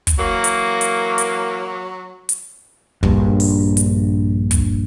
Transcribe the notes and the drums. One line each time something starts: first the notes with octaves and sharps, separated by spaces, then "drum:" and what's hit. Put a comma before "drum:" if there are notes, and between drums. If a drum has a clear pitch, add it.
drum: kick, hi-hat
E3 F#3 A#3
drum: hi-hat
drum: hi-hat
drum: hi-hat
drum: hi-hat
A#1 G2, drum: kick
drum: open hi-hat
drum: hi-hat
drum: kick, hi-hat